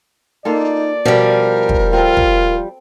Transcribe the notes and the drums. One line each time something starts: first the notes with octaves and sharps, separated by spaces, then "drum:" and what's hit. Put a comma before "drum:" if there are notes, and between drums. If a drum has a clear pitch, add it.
A#3 D#4 F4 A4 D5
B2 F3 G3 A#4
drum: kick
C4 F4 A4
drum: kick